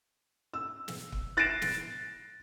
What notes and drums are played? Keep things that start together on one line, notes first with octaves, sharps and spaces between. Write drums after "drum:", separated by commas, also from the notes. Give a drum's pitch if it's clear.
E6
drum: snare
drum: kick
F#6 A6 A#6 C7 D7 E7
drum: snare